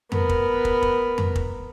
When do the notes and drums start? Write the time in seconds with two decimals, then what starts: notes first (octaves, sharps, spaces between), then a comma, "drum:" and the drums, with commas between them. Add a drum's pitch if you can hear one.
0.12 B3 A#4, drum: tom F2
0.29 drum: kick
0.65 drum: kick
0.82 drum: kick
1.18 drum: tom F2
1.35 drum: kick